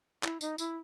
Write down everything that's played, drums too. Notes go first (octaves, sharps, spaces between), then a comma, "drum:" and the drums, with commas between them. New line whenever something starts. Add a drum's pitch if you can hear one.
E4, drum: clap
D#4, drum: tambourine
E4, drum: tambourine